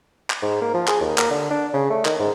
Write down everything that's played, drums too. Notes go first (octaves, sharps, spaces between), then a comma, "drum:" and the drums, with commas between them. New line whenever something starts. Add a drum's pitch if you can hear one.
drum: clap
G#2
A#3
F3
G#4, drum: clap
D#2
A#3, drum: clap
D3
D4
C#3
A3
D#3, drum: clap
G#2